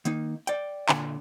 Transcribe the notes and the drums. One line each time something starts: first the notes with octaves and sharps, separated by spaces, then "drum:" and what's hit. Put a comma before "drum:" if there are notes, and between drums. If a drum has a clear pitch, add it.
D#3 A#3 D#4, drum: hi-hat
D5 G5, drum: hi-hat
A#2 D3, drum: clap